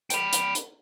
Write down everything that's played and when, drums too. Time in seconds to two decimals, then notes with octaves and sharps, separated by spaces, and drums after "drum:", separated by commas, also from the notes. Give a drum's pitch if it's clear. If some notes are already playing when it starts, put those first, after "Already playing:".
0.10 G5 B5, drum: hi-hat
0.33 drum: hi-hat
0.55 drum: hi-hat